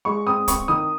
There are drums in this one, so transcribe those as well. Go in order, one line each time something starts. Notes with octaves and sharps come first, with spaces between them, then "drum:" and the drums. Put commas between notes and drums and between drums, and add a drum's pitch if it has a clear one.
G#3 C#6
C4 D#6
C4 C#6, drum: kick, hi-hat
D#3 D#6